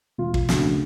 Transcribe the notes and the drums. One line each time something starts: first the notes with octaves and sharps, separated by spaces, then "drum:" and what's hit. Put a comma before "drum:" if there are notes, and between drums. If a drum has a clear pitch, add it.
E1 F4
drum: kick
D2 C#3 F#4, drum: snare